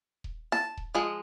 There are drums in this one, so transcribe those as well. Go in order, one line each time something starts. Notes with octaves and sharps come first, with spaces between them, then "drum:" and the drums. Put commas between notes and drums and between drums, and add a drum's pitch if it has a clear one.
drum: kick D#1
A5, drum: snare E4
drum: kick D#1
F3 G#3